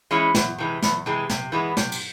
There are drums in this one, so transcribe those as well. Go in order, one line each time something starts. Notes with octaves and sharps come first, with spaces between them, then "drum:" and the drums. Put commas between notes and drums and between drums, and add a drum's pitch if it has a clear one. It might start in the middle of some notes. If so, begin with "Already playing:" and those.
E3 G#3 C#4 E4
E2, drum: snare
C3 E3 G#3
E2, drum: snare
C3 E3 G#3
C3, drum: snare
E3 G#3 B3
C3, drum: snare
drum: cymbal